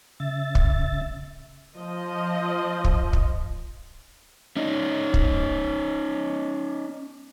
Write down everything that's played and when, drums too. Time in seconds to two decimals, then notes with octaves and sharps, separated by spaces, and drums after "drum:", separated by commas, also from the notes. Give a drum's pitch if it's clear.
0.20 C#3 E5 A6
0.55 drum: kick
1.77 F3 D#5
2.84 drum: kick
3.13 drum: kick
4.56 C#4 D#4
5.14 drum: kick